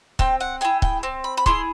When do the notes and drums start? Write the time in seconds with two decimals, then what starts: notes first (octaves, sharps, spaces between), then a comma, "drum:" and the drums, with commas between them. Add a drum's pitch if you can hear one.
0.19 C4 G5, drum: kick C#1
0.40 F#5
0.61 E4 G#4 G5
0.82 G5, drum: kick C#1
1.03 C4
1.24 B5
1.37 B5
1.46 E4 G#4 C6, drum: kick C#1